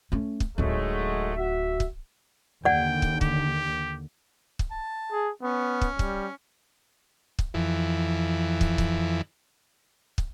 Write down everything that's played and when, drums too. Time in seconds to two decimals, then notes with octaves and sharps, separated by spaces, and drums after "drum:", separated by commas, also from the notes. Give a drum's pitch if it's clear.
0.12 A3 C#4
0.40 drum: kick
0.58 D1 F#3 G#3 A3 D#4
1.35 F#4 E5
1.80 drum: kick
2.65 D#2 D3 D5 F#5 G5
3.02 drum: kick
3.21 G4, drum: kick
4.59 drum: kick
4.71 A5
5.12 G#4
5.42 B3 C#4
5.81 drum: kick
5.99 G3, drum: kick
7.39 drum: kick
7.54 F2 E3
8.61 drum: kick
8.78 drum: kick
10.18 drum: kick